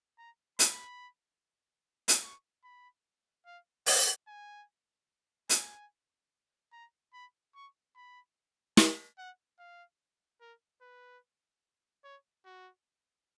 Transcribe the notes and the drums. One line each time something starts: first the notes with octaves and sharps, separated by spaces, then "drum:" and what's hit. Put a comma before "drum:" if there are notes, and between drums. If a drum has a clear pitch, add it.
A#5
B5, drum: hi-hat
drum: hi-hat
C#6
B5
F5
F5, drum: open hi-hat
G#5
G#5, drum: hi-hat
A#5
B5
C#6
B5
G#5, drum: snare
F#5
F5
A#4
B4
C#5
F#4